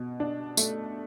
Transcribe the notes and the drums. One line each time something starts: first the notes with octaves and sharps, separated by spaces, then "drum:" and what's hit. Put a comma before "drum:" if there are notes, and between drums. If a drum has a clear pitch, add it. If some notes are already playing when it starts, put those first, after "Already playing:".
Already playing: B2
D4
A3, drum: tambourine